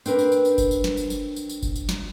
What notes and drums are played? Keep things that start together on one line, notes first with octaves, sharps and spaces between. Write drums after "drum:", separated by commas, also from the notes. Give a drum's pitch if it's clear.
C4 D4 A#4 B4, drum: tambourine
drum: tambourine
drum: tambourine
drum: tambourine
drum: kick F#1, tambourine
drum: tambourine
drum: snare
drum: tambourine
drum: tambourine
drum: tambourine
drum: tambourine
drum: kick F#1, tambourine
drum: tambourine
drum: snare